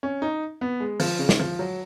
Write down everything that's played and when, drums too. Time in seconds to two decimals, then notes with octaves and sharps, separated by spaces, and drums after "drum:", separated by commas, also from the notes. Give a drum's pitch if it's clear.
0.03 C#4
0.22 D#4
0.61 B3
0.80 G#3
1.00 F3, drum: open hi-hat
1.19 C#3
1.29 drum: snare
1.40 F3
1.59 F#3